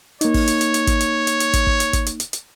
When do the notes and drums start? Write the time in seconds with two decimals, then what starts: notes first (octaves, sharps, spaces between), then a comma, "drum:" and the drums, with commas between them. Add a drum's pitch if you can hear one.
0.21 A#3 D#4 C#5, drum: hi-hat
0.34 drum: kick, open hi-hat
0.47 drum: hi-hat
0.61 drum: hi-hat
0.74 drum: hi-hat
0.87 drum: kick, hi-hat
1.00 drum: hi-hat
1.27 drum: hi-hat
1.40 drum: hi-hat
1.53 drum: kick, hi-hat
1.67 drum: kick
1.80 drum: hi-hat
1.93 drum: kick, hi-hat
2.06 drum: hi-hat
2.20 drum: hi-hat
2.33 drum: hi-hat